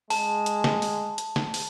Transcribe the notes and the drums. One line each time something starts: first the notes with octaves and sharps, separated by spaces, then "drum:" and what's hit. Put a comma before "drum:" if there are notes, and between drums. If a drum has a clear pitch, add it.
G#3 A5, drum: open hi-hat
drum: hi-hat
drum: snare
drum: open hi-hat
drum: hi-hat
drum: snare
drum: open hi-hat